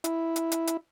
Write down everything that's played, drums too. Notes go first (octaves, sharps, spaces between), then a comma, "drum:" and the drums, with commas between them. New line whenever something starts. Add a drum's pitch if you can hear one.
E4, drum: hi-hat
drum: hi-hat
drum: hi-hat
drum: hi-hat